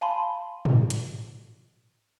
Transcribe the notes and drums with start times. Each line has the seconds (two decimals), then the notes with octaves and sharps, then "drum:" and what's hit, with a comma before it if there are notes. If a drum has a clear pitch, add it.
0.01 F5 G#5 A5 B5 C6
0.65 drum: tom
0.90 drum: hi-hat